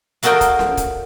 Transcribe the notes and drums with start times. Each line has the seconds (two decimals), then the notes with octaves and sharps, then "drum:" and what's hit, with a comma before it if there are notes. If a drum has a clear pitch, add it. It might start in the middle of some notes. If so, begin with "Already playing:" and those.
0.23 A#3 F#4 A4 A#4 D#5 G5, drum: hi-hat
0.41 drum: kick, hi-hat
0.59 drum: snare C#4
0.77 drum: kick, hi-hat